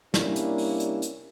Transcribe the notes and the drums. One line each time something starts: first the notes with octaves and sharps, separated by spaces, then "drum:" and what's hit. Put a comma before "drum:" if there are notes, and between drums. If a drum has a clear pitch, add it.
C3 G3 A#3 C#4 D4 E4, drum: snare
drum: hi-hat
drum: open hi-hat
drum: hi-hat
drum: hi-hat